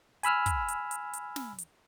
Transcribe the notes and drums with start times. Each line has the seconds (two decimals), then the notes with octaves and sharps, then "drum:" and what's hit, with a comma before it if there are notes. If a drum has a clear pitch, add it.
0.23 G#5 B5 E6 F6, drum: hi-hat
0.46 drum: kick, hi-hat
0.68 drum: hi-hat
0.91 drum: hi-hat
1.13 drum: hi-hat
1.36 drum: snare
1.58 drum: hi-hat